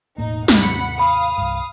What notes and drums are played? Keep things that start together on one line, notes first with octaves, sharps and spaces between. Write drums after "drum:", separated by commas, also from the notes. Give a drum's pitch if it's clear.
E1 A2 A#3 D#4
D#2 G#2 C3 F#5 B5 C#7, drum: snare
F5 B5 D#6
C2 G2